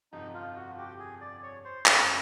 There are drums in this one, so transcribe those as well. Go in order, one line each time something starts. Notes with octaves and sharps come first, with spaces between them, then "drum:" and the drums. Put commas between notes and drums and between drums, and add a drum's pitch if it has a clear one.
G1 F2 C3 F3 D#4
F4
F#4
G4
G#4
D5
C#5
C5
F#1 F2 C#3 C5, drum: clap